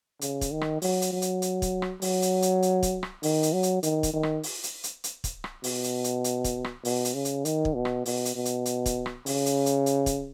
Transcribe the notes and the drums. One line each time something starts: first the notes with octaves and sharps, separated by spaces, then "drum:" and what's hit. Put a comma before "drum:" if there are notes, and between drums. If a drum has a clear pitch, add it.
C#3, drum: hi-hat
drum: kick, hi-hat
D#3
drum: rim click
F#3, drum: open hi-hat
drum: hi-hat
F#3
drum: hi-hat
drum: hi-hat
drum: kick, hi-hat
drum: rim click
F#3, drum: open hi-hat
drum: hi-hat
drum: hi-hat
drum: hi-hat
drum: kick, hi-hat
drum: rim click
D#3, drum: open hi-hat
drum: hi-hat
F#3
drum: hi-hat
D#3, drum: hi-hat
drum: kick, hi-hat
D#3
drum: rim click
drum: open hi-hat
drum: hi-hat
drum: hi-hat
drum: hi-hat
drum: kick, hi-hat
drum: rim click
B2, drum: open hi-hat
drum: hi-hat
drum: hi-hat
drum: hi-hat
drum: kick, hi-hat
drum: rim click
B2, drum: open hi-hat
drum: hi-hat
C#3
drum: hi-hat
D#3, drum: hi-hat
drum: kick
B2
drum: rim click
B2, drum: open hi-hat
drum: hi-hat
B2
drum: hi-hat
drum: hi-hat
drum: kick, hi-hat
drum: rim click
C#3, drum: open hi-hat
drum: hi-hat
drum: hi-hat
drum: hi-hat
drum: kick, hi-hat